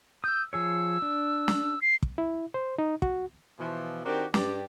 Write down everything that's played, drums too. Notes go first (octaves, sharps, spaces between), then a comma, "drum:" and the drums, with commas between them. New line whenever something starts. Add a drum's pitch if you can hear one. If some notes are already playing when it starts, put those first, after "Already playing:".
D#6 E6 G6
F3 G#4 C#5 E6
D4
drum: snare
C7
drum: kick
E4
C5
D#4
F#4, drum: kick
B2 E3 F3
D#3 C4 D4 F#4 G4 A#4
G2 G4 D5, drum: snare